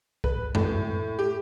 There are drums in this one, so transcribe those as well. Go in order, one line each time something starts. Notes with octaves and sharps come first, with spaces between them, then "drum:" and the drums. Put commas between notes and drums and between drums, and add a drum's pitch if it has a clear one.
B4, drum: kick
A2, drum: tom F#2
G4